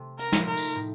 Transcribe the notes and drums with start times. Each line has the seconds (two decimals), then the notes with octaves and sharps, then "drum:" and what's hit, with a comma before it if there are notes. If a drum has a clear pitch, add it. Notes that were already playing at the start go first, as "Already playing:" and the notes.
Already playing: C3 A3
0.19 A#4, drum: hi-hat
0.32 F3 A3 D#4, drum: snare
0.47 A#4
0.57 drum: tambourine
0.75 A2